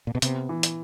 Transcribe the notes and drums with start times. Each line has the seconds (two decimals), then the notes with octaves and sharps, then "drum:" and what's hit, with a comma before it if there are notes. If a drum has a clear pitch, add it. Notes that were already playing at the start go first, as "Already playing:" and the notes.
0.07 A#2
0.15 B2
0.22 C3 B3, drum: hi-hat
0.49 E3
0.63 drum: hi-hat